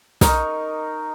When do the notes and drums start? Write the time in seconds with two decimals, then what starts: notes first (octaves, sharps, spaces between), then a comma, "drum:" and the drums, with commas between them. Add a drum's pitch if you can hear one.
0.21 D#4 A#4 C#6, drum: snare